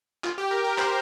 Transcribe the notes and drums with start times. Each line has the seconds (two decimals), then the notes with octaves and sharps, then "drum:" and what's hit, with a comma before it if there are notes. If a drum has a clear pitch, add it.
0.24 F4, drum: clap
0.38 G4
0.51 A#4
0.64 A#4
0.78 C5, drum: clap